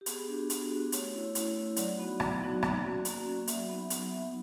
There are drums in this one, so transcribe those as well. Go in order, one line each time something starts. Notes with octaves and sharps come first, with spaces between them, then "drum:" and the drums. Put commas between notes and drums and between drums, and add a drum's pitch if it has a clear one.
G4
B3 G#4, drum: hi-hat
D4 F#4
B3, drum: hi-hat
D4 F#4
A3 C#5, drum: hi-hat
C#4 E4
A3, drum: hi-hat
C#4 E4
F#3 D5, drum: hi-hat
B3 D#4 F#4
F#3, drum: rim click
B3 D#4 F#4
A#3, drum: rim click
C#4 F#4
A#3, drum: hi-hat
C#4 F#4
F#3 E5, drum: hi-hat
B3 D#4
F#3, drum: hi-hat
B3 D#4